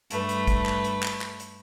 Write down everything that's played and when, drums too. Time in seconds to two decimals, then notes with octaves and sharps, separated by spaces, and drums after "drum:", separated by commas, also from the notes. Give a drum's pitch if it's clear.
0.11 G2 A3 B4, drum: hi-hat
0.29 drum: hi-hat
0.47 drum: kick, hi-hat
0.66 drum: clap
0.84 drum: hi-hat
1.03 drum: clap
1.21 drum: clap
1.40 drum: hi-hat